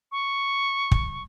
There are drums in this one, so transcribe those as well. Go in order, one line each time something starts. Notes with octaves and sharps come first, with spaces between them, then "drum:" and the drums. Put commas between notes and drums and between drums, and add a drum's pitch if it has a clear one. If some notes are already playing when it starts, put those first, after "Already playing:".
C#6
drum: kick